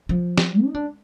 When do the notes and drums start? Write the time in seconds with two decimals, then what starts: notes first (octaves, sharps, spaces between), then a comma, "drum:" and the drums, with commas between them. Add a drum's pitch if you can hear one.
0.09 F3
0.38 drum: snare
0.65 D#4
0.75 D4